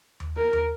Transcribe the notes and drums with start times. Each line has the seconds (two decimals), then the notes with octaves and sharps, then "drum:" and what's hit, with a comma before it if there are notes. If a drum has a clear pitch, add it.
0.20 drum: tom D#2
0.37 A#4
0.53 drum: tom D#2